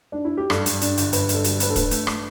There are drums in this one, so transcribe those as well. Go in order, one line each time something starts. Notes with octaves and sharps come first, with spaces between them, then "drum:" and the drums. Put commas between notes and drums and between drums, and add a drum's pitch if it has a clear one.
D4
E4
G4
G2 A4, drum: rim click
G2, drum: hi-hat
D4, drum: hi-hat
G1, drum: hi-hat
G1 B4, drum: hi-hat
G1, drum: hi-hat
A4
G3, drum: hi-hat
D4 B4, drum: hi-hat
A4
A3 B4, drum: kick, hi-hat
A3, drum: hi-hat
A3, drum: rim click